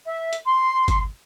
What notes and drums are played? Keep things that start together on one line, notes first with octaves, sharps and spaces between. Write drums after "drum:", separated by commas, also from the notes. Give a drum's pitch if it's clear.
E5
drum: hi-hat
C6
drum: kick G1, hi-hat